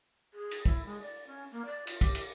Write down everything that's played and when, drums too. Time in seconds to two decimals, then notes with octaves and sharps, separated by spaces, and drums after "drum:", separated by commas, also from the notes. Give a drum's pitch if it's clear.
0.34 G#4
0.51 drum: cymbal
0.66 E4, drum: kick
0.86 G#3
1.02 D5
1.27 C#4
1.52 A#3
1.65 D5
1.87 F4, drum: cymbal
2.01 G4, drum: kick, cymbal
2.15 drum: cymbal